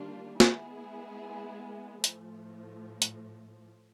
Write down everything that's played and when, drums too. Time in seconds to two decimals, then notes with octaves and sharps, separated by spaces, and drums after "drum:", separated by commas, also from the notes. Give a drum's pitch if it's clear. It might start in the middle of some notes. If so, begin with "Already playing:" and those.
Already playing: D#3 G3 A#3 D4 F4
0.40 G#3 B3 E4 G#4, drum: snare
2.04 A2 F3 A3, drum: hi-hat
3.02 drum: hi-hat